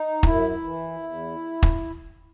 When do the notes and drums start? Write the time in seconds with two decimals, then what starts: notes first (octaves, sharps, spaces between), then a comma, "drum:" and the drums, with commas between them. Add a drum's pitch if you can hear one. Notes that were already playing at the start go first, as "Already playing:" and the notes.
Already playing: D#4
0.23 F#2 E4, drum: kick
0.64 E3
1.03 E2
1.63 drum: kick